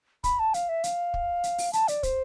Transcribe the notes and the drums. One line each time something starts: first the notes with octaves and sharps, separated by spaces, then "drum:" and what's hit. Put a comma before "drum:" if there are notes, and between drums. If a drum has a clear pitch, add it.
B5, drum: kick, hi-hat
A5
F5, drum: hi-hat
E5
F5, drum: hi-hat
drum: kick
drum: hi-hat
drum: open hi-hat
A5, drum: hi-hat
D5, drum: hi-hat
C5, drum: kick, hi-hat